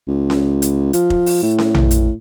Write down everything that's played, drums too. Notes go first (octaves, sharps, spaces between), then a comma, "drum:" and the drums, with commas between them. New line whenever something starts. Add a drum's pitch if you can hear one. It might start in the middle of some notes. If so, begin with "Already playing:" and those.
C#2
drum: snare C#4
drum: hi-hat
F3, drum: hi-hat
drum: kick F1
drum: open hi-hat
A2
drum: snare C#4
drum: tom A#1
drum: hi-hat